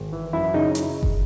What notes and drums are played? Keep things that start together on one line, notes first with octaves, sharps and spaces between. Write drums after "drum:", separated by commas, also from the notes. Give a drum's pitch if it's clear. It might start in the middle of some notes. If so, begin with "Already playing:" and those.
Already playing: G#1
E3
F#2 E4
C#3 D#4
drum: hi-hat
drum: kick F#1